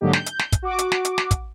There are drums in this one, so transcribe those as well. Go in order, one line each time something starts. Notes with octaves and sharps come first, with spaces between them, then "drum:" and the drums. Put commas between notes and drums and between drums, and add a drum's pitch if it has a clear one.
G#2 D3 F#3 A#3 D#4 G4
G6, drum: snare
drum: hi-hat
drum: snare
drum: kick, hi-hat
F#4 D6
drum: hi-hat
drum: snare
drum: hi-hat
drum: snare
drum: kick, hi-hat